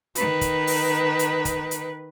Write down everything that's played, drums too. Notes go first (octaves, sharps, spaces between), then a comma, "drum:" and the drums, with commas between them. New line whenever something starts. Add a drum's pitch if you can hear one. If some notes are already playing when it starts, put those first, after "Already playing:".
D#3 B4, drum: hi-hat
drum: kick, hi-hat
drum: open hi-hat
drum: hi-hat
drum: kick, hi-hat
drum: hi-hat